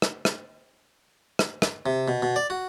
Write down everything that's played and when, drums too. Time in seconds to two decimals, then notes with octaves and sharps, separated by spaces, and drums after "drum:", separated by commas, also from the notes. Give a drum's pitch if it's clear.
0.02 drum: rim click
0.25 drum: rim click
1.39 drum: rim click
1.62 drum: rim click
1.86 C3
2.08 B2
2.22 B2
2.36 D5
2.50 F#4